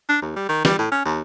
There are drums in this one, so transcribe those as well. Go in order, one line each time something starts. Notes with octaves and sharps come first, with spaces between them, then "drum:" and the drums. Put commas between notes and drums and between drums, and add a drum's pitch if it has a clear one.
D4
D#2
G3
D#3
G3, drum: snare
A2
C#4
D#2